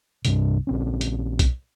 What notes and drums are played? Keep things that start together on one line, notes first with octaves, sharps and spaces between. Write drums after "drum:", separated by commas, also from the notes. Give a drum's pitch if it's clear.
C2 G2 C3, drum: hi-hat
A#1 C4 C#4
drum: hi-hat
drum: kick B1, hi-hat